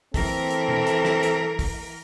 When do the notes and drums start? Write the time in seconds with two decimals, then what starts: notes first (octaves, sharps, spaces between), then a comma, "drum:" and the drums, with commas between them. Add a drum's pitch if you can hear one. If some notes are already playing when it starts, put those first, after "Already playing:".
0.14 E3 C4 A4 A#4, drum: kick, open hi-hat
0.50 drum: hi-hat
0.69 drum: tom B2
0.87 drum: hi-hat
1.05 drum: snare
1.23 drum: hi-hat
1.59 drum: kick, open hi-hat